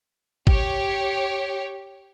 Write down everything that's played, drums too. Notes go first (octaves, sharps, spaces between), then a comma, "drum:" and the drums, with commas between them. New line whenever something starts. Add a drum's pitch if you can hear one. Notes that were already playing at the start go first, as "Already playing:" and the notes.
G4 C#5, drum: kick